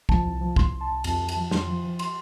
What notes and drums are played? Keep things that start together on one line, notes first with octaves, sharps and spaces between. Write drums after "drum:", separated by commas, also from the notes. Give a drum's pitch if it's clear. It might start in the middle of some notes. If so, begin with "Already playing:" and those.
F3 A5, drum: kick
C2
F3
C2 C6, drum: kick
C2
A5
C2
F2 A5, drum: cymbal
F2
A5, drum: cymbal
F3
F2 C6, drum: snare
F3
F3
C6, drum: cymbal